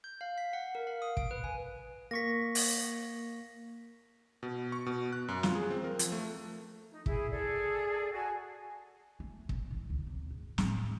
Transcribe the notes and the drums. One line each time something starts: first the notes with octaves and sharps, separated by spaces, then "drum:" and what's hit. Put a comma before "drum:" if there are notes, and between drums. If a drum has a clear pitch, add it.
G6
F5
B6
F#5
A#4
F5
D#6
D7, drum: kick
B4
G#5
A#3 C#6 A#6 B6
drum: open hi-hat
B2
C#6
B2
F#6
F#2
F4, drum: snare
G#4
C4
A#4
F3, drum: hi-hat
A3
D#4
E4 G#4, drum: kick
G#4 A4 D5
F#4 G#5 A5
A3
C3, drum: kick
E3
D2
C3
G#2
A2, drum: snare